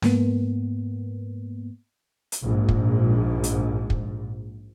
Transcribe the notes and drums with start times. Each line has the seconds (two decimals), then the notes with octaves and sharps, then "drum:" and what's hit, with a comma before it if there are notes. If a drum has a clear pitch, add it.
0.02 G#2 A#3 B3, drum: snare
2.32 drum: hi-hat
2.43 A#1 G#2
2.69 drum: kick
3.44 drum: hi-hat
3.90 drum: kick